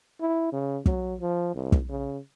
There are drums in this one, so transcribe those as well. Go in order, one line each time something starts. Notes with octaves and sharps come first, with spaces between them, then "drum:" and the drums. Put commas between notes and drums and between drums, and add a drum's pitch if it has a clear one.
E4
C#3
F#3, drum: kick
F3
C2
drum: kick
C#3